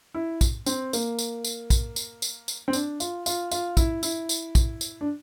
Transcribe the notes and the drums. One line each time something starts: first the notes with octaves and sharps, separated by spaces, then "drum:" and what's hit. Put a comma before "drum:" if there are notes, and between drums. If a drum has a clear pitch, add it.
E4
drum: kick, tambourine
C4, drum: tambourine
A#3, drum: tambourine
drum: tambourine
drum: tambourine
drum: kick, tambourine
drum: tambourine
drum: tambourine
drum: tambourine
C4
D4, drum: tambourine
F4, drum: tambourine
F4, drum: tambourine
F4, drum: tambourine
E4, drum: kick, tambourine
E4, drum: tambourine
drum: tambourine
drum: kick, tambourine
drum: tambourine
D4